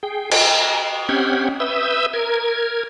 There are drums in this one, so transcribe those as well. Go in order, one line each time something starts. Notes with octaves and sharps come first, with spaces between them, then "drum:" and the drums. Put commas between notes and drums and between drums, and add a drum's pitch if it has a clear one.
G#4 G5
drum: cymbal
G#5 A#5
C4 C#4 G4 F#5 G5 G#6
B4 E5 D#6 E6 G6
A#4 G#6